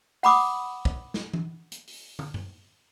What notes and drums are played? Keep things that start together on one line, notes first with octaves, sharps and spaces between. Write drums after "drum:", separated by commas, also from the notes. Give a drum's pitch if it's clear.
F#5 B5 D6 D#6, drum: open hi-hat
drum: kick
drum: snare
drum: tom E3
drum: hi-hat
drum: open hi-hat
drum: tom
drum: tom